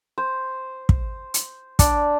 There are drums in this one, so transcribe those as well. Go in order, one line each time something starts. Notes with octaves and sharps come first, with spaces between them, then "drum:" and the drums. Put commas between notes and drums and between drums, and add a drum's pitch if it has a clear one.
C5
drum: kick
drum: hi-hat
D4, drum: kick, hi-hat